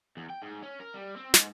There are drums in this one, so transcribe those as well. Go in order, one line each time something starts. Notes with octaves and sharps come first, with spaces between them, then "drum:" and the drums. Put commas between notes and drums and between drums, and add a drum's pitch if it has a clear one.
E2
G5
G#2
C#4
A#4
G3
C4
G#2, drum: snare